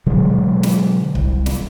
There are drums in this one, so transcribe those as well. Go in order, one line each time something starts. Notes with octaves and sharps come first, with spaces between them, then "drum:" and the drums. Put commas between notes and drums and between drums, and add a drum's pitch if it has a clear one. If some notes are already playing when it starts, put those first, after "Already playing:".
B2 D3 F#3 G#3
drum: snare
C2, drum: kick C#1
drum: snare